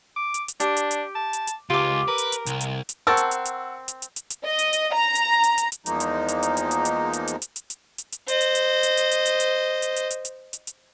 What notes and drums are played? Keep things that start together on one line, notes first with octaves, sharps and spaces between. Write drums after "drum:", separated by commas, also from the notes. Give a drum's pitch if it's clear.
D6
drum: hi-hat
drum: hi-hat
D4 G4, drum: hi-hat
drum: hi-hat
drum: hi-hat
A5
drum: hi-hat
drum: hi-hat
C#2 F4 G4 D6
A#4 B4
drum: hi-hat
drum: hi-hat
C2, drum: hi-hat
drum: hi-hat
drum: hi-hat
C4 A#4 F#5 A5 C#6 E6
drum: hi-hat
drum: hi-hat
drum: hi-hat
drum: hi-hat
drum: hi-hat
drum: hi-hat
drum: hi-hat
D#5
drum: hi-hat
drum: hi-hat
A#5
drum: hi-hat
drum: hi-hat
drum: hi-hat
drum: hi-hat
E2 F3 G#3 A#3 D#4, drum: hi-hat
drum: hi-hat
drum: hi-hat
drum: hi-hat
drum: hi-hat
drum: hi-hat
drum: hi-hat
drum: hi-hat
drum: hi-hat
drum: hi-hat
drum: hi-hat
drum: hi-hat
drum: hi-hat
drum: hi-hat
C5 D#5, drum: hi-hat
drum: hi-hat
drum: hi-hat
drum: hi-hat
drum: hi-hat
drum: hi-hat
drum: hi-hat
drum: hi-hat
drum: hi-hat
drum: hi-hat
drum: hi-hat
drum: hi-hat
drum: hi-hat
drum: hi-hat